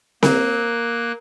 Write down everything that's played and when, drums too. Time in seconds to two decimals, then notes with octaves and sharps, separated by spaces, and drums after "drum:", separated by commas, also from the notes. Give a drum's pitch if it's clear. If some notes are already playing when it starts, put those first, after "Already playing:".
0.23 A#3 A#4 F#6, drum: snare C4